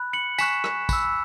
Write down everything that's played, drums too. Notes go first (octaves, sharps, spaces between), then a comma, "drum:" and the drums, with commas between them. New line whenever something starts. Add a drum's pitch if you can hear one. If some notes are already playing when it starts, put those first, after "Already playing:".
Already playing: B5 F#6
C#7 F#7
G#5 C#6 F#6 B6 E7, drum: tambourine
drum: rim click
B5 E6, drum: kick, tambourine